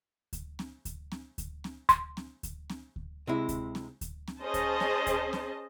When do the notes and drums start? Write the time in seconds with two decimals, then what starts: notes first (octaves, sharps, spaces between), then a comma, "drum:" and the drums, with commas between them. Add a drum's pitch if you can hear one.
0.33 drum: kick D2, hi-hat
0.59 drum: snare C4
0.85 drum: kick D2, hi-hat
1.12 drum: snare C4
1.38 drum: kick D2, hi-hat
1.64 drum: snare C4
1.89 C6, drum: kick D2, hi-hat
2.17 drum: snare C4
2.43 drum: kick D2, hi-hat
2.70 drum: snare C4
2.96 drum: kick D2
3.27 C3 G#3 E4
3.49 drum: kick D2, hi-hat
3.75 drum: snare C4
4.01 drum: kick D2, hi-hat
4.28 drum: snare C4
4.41 C#4 G#4 C5 D#5 A5
4.54 drum: kick D2, hi-hat
4.80 drum: snare C4
5.07 drum: kick D2, hi-hat
5.33 drum: snare C4